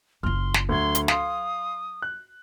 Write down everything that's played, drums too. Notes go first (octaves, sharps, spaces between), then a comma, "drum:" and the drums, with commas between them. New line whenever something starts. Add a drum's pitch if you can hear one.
F#1 F4 C6 F6
drum: snare
D2 F#3 C6 G#6
drum: hi-hat
F5 C6 D#6, drum: snare
F#6